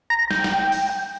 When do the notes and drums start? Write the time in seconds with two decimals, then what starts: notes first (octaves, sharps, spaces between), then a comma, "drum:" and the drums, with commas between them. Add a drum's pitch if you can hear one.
0.10 A#5
0.31 G5, drum: snare
0.44 drum: snare
0.72 drum: open hi-hat